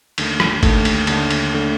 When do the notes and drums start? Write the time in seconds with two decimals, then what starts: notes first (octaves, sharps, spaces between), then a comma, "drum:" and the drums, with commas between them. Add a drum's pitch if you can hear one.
0.18 D#2 D3 A3, drum: cymbal
0.40 drum: rim click
0.63 D#2 D3 A3, drum: kick, cymbal
0.85 drum: cymbal
1.07 D#2 D3 A3, drum: cymbal
1.31 drum: cymbal
1.54 D3 A3